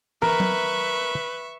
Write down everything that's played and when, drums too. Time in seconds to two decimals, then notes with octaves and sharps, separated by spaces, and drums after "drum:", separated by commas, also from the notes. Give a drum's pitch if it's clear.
0.22 A#4 B4 E5 C#6, drum: tom
0.40 drum: tom F#3